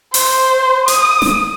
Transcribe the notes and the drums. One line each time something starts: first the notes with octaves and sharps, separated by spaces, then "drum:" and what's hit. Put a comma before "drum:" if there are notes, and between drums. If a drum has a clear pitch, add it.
C5, drum: open hi-hat
D#6, drum: hi-hat
drum: snare